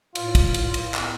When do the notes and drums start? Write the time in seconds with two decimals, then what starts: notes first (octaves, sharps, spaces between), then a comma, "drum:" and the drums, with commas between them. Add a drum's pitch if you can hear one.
0.15 A2 F4, drum: cymbal
0.35 drum: kick, cymbal
0.54 A2, drum: cymbal
0.74 drum: cymbal
0.94 B3, drum: clap